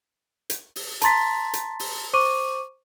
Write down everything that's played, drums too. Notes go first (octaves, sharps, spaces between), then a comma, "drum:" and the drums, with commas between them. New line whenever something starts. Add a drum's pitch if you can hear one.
drum: hi-hat
drum: open hi-hat
A5 A#5 C6 A6 B6, drum: hi-hat
drum: hi-hat
drum: open hi-hat
C5 C#6 D6 D#7